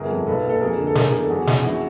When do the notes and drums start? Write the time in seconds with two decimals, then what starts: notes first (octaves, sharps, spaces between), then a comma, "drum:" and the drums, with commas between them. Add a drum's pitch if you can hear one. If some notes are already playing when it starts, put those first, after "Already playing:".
Already playing: G1 G#4 A#4
0.09 F2
0.26 B1 A4 B4
0.44 A#2
0.49 A4
0.61 F2 G#4 A#4
0.78 D3
0.87 A4
0.95 F#1 G#4 A#4, drum: snare
1.13 E2
1.21 A4
1.30 E2 F#4 G#4
1.47 C#3, drum: snare
1.64 A#1 E4 F#4